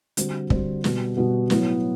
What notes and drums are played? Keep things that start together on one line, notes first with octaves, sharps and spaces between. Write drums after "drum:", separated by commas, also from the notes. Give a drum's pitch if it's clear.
D3 G3 C4 F#4 C5, drum: hi-hat
D3 G3 C4 F#4 C5, drum: kick
B2 G3 B3 F#4, drum: snare
B2 G3 B3 F#4
A2 F#3 B3 E4, drum: snare